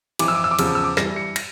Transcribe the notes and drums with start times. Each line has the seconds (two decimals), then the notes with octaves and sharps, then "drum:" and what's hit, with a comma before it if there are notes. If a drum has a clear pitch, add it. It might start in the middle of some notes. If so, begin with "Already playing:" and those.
0.19 F2 E3 D6, drum: cymbal
0.28 E6
0.35 D6
0.44 E6
0.51 D6
0.59 E2 C#3 F3 E6, drum: cymbal
0.67 D6
0.75 E6
0.84 D6
0.97 G2 E3 A#6, drum: snare
1.16 C#7
1.36 A#6, drum: cymbal